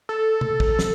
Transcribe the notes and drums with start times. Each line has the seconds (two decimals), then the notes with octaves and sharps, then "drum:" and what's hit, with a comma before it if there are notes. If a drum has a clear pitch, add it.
0.09 A4
0.41 drum: tom
0.60 drum: kick
0.79 drum: snare